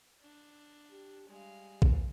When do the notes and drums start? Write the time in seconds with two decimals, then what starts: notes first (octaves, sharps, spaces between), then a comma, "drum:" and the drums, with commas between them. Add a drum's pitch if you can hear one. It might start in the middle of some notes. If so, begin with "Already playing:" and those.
0.22 D4
0.91 G4
1.30 G3 G#3 F5
1.82 drum: kick